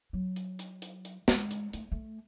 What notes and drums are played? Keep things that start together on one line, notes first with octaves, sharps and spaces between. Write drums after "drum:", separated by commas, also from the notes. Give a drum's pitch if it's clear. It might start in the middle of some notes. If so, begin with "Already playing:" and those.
F#3
drum: hi-hat
drum: hi-hat
drum: hi-hat
drum: hi-hat
G#3, drum: snare
drum: hi-hat
A3, drum: hi-hat
A3